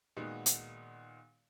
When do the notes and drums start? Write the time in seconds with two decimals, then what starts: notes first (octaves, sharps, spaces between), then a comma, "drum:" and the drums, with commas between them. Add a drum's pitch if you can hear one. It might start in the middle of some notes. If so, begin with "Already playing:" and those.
0.17 A#2 D#3 G#3 B3 F#4
0.46 drum: hi-hat